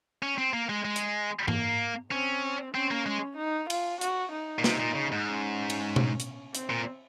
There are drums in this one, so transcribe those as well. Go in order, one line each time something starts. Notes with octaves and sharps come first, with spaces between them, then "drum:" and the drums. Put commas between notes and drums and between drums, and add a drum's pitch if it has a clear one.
C#4
C4
A#3
G#3
G#3
drum: hi-hat
A#3, drum: tom G#2
C4 C#4
C4 C#4
A#3
G#3
D#4
F4, drum: cymbal
F#4, drum: hi-hat
D#4
A#2
C3, drum: snare
A#2
C#3
G#2
C#4
drum: cymbal
drum: tom B2
drum: hi-hat
C4, drum: hi-hat
A#2